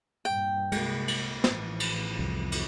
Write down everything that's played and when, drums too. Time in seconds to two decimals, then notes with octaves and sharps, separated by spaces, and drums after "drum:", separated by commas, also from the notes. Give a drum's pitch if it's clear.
0.25 G2 A#2 G5
0.72 C2 G#3 A#3, drum: cymbal
1.08 drum: cymbal
1.44 A1 E3 F3, drum: snare
1.80 drum: cymbal
2.19 C2 F2
2.52 drum: cymbal